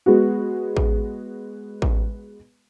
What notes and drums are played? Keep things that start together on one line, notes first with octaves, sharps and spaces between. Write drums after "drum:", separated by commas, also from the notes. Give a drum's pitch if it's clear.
G#3 B3 F#4
drum: kick A1
drum: kick A1